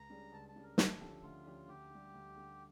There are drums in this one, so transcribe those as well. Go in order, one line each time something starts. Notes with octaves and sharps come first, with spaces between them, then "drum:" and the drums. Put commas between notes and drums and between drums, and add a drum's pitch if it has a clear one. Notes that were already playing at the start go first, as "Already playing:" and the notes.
Already playing: C#2 A#5
C#3 G3 D4
C#2 A5
A5
C#3 G3 D4
A#4
D2 A4, drum: snare
D3 F3 C#4 G4
D2 F4
D3 F3 C#4 G4
D2 G4
D3 G3
D2
D3 G3